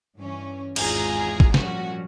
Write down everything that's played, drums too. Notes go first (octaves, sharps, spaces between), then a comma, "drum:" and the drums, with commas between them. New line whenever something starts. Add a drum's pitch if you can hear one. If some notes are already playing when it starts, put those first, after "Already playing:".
G2 E3 C#4
G#1 E2 G#2 F4 G#4 A#5, drum: cymbal
drum: kick A1
A#2 F3 G3 C#4 F#4, drum: snare